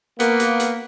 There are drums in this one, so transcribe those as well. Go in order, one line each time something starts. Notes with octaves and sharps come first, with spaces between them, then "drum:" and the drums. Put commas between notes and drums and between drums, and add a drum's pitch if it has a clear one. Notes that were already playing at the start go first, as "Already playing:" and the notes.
A#3 B3, drum: hi-hat
drum: hi-hat
drum: hi-hat